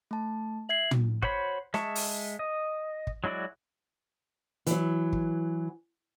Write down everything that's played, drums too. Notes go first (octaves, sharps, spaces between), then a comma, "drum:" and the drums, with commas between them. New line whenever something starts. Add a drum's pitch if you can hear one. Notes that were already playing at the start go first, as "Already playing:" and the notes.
A3 A5
E5 G#6 C7 F#7
drum: tom
F#4 C5 C#5 B5, drum: kick
G#3 E5 A5 C#6, drum: snare
drum: open hi-hat
D#5
drum: kick
F#3 G#3 E4 F#4 D5
E3 F#3, drum: hi-hat
drum: kick